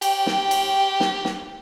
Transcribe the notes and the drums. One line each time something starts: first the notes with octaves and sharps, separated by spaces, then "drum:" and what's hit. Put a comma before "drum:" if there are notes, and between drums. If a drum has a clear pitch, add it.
G4 G5, drum: cymbal
drum: snare
drum: cymbal
drum: snare
drum: snare